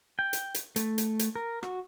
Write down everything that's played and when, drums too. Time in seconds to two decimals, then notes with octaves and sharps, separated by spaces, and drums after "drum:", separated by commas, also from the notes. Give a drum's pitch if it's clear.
0.19 G5
0.33 drum: hi-hat
0.54 drum: hi-hat
0.76 A3, drum: hi-hat
0.98 drum: hi-hat
1.19 drum: hi-hat
1.36 A#4
1.63 F#4, drum: rim click